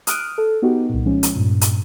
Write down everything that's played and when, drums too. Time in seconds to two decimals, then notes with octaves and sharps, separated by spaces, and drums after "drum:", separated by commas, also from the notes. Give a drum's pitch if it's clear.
0.07 D#6 F6 F#6 D7 D#7, drum: hi-hat
0.38 A4
0.62 B3 D#4 F#4 G4
0.89 C2 A#2
1.06 F3 G#3 C#4
1.23 drum: hi-hat
1.36 G2 A#2
1.61 drum: hi-hat